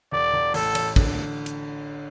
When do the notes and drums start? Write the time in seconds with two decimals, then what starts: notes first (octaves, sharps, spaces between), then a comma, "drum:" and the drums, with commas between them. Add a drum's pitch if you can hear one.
0.12 E1 D5
0.33 E1
0.54 A1 A4, drum: open hi-hat
0.75 A1, drum: cymbal
0.96 D3, drum: kick
1.46 drum: hi-hat